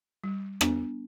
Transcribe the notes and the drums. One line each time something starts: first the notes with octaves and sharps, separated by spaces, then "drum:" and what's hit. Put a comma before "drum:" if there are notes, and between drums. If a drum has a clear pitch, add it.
G3
B3 D4, drum: rim click